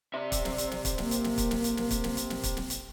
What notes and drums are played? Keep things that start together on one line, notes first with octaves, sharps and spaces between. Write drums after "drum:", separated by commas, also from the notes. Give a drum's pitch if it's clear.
C3 D5 E5
drum: kick, hi-hat
drum: snare
drum: hi-hat
drum: snare
drum: kick, hi-hat
A#3, drum: snare
drum: hi-hat
drum: snare
drum: kick, hi-hat
drum: snare
drum: hi-hat
drum: snare
drum: kick, hi-hat
drum: snare
drum: hi-hat
drum: snare
drum: kick, hi-hat
drum: snare
drum: hi-hat